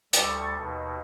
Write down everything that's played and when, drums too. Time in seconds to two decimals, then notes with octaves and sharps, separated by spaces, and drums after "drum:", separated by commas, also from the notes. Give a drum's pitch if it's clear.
0.13 D2 G3 A4 C#6 A6, drum: hi-hat
0.56 D#2 B2